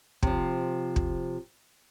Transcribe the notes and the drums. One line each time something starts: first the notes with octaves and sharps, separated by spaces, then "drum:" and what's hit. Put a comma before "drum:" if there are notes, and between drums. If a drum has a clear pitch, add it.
C3 F3, drum: kick
drum: kick